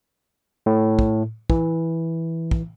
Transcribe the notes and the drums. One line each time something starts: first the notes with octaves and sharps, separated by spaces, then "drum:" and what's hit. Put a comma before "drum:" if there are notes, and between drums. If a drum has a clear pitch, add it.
A2
drum: kick
E3, drum: kick
drum: kick